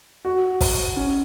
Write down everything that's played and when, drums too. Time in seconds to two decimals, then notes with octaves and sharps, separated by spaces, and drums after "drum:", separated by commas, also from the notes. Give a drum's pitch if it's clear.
0.25 F#4
0.61 drum: kick, open hi-hat
0.96 C#4